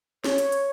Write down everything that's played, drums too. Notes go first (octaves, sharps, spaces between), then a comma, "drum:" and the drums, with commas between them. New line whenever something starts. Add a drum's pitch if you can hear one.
C#5, drum: snare
drum: hi-hat
drum: hi-hat